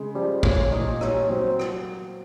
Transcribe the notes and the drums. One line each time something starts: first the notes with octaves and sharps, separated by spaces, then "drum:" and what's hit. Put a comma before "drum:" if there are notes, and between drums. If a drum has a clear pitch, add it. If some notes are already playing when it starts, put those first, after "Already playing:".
Already playing: C#3 G#3
F3 G3
A#2 C#4, drum: kick
A#2 D#4
G3 C#4, drum: rim click
F#3 C4
drum: rim click